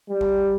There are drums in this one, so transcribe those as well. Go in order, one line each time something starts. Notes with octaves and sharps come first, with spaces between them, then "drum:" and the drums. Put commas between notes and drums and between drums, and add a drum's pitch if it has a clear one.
G3
drum: kick